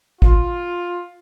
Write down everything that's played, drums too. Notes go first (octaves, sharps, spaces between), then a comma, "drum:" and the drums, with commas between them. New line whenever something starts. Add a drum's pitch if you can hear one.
F4, drum: kick